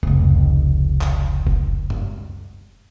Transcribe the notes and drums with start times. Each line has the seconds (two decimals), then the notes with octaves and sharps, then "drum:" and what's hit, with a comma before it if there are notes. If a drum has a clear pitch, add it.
0.03 F1 C#2, drum: kick F#1
1.01 drum: clap
1.47 drum: kick F#1
1.90 drum: tom F#2